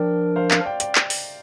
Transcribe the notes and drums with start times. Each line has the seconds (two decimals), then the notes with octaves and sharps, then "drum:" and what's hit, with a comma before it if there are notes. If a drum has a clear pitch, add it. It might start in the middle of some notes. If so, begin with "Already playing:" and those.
Already playing: F3 D4 A#4 D5 G5
0.36 C5 F5
0.51 C5 F5, drum: clap
0.65 D5 G5
0.80 D5 G5, drum: hi-hat
0.95 drum: clap
1.10 drum: open hi-hat